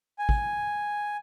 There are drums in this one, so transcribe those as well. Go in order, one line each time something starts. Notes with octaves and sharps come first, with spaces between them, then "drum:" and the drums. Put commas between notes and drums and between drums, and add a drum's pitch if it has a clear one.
G#5
drum: kick